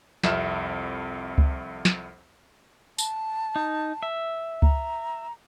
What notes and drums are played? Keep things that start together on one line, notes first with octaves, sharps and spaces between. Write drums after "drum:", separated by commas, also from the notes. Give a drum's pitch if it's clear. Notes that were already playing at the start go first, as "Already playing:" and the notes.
C2 F2 E5 F6 E7, drum: snare
drum: kick C#2
drum: snare
A5, drum: tambourine
D#4
E5
A#5, drum: kick C#2